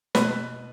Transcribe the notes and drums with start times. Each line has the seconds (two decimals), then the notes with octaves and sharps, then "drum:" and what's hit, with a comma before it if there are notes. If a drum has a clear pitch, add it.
0.15 B2 B4, drum: snare